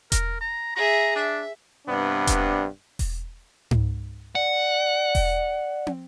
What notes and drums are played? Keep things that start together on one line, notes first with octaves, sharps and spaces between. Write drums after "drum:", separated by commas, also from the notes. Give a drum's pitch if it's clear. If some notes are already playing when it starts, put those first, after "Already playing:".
A#4, drum: kick E1, hi-hat
A#5
G#4 E5 A#5
D4 E5
G2 C3 B3 D4
drum: kick E1, hi-hat
drum: kick E1, open hi-hat
drum: tom G#2
D5 F#5
drum: kick E1, open hi-hat
drum: tom